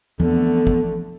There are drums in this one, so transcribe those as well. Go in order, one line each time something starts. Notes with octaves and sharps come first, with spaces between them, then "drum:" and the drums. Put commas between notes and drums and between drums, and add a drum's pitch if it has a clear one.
D3 E3 F3 A3 B3 C4, drum: tom E2
drum: kick